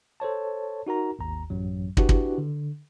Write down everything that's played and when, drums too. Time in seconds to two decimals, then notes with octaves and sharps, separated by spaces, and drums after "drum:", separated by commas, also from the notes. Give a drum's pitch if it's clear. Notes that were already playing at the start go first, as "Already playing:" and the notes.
0.20 A4 C5 C#5 A5
0.87 D#4 F#4 A#4 A#5
1.19 G#1 D#2 A#5
1.50 A1 F#2 F#3
1.97 D4 E4 F#4 G4 B4, drum: kick
2.09 drum: kick
2.38 D3